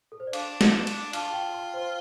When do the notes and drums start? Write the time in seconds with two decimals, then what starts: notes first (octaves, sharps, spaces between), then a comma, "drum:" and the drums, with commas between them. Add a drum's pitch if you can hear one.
0.12 A4
0.20 C5
0.27 D5
0.33 D4 F5, drum: cymbal
0.61 D5, drum: snare
0.87 drum: cymbal
1.13 F4 A5, drum: cymbal
1.25 A5
1.33 G5
1.54 C6
1.74 C5